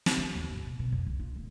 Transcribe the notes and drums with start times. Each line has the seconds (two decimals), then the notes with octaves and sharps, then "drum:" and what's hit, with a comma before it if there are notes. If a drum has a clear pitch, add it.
0.06 drum: snare
0.17 C4
0.35 D#2
0.49 G#2
0.64 B2
0.79 B2
0.92 F2
1.06 C2
1.20 F4
1.36 D1